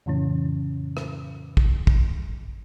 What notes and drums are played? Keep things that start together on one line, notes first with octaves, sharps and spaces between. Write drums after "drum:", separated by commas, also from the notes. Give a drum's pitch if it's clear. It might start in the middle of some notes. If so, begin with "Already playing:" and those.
F2 A2 C#3 E3 C#4
drum: rim click
drum: kick
drum: kick